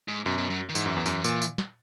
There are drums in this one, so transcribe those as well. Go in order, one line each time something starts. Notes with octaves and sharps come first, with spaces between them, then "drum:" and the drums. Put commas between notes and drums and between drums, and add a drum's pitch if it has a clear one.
G#2
F#2 B2
B2
F#3
D#3
G#2 E3, drum: tambourine
F#2
E2
F#2, drum: tambourine
A#2, drum: tambourine
drum: tambourine
drum: snare